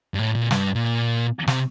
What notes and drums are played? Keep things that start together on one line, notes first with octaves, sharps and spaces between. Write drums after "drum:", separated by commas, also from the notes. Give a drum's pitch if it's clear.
G2
A2
A#2
G2, drum: snare
A#2
C3, drum: snare